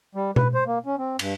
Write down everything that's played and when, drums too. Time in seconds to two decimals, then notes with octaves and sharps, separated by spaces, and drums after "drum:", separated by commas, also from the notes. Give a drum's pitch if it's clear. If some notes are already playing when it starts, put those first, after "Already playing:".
0.15 G3
0.36 B4, drum: tom B2
0.54 C5
0.67 A#3
0.86 C#4
0.98 C4
1.19 G2, drum: cymbal